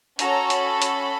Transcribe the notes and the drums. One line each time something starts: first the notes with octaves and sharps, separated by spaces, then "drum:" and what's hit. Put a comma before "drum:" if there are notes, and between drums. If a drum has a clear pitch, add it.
C#4 F#4 A4 A#5, drum: hi-hat
B5, drum: hi-hat
drum: hi-hat